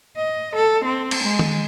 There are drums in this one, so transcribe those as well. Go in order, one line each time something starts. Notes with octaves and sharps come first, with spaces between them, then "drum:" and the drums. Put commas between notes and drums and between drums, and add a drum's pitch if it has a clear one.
D#5
A4
C4
drum: cymbal
G#3
drum: tom D#3